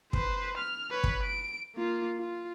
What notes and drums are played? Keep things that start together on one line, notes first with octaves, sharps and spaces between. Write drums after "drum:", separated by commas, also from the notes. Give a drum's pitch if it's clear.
B4 C5, drum: kick
F6
B4 C#5
drum: kick
D7
A#3 F4
F4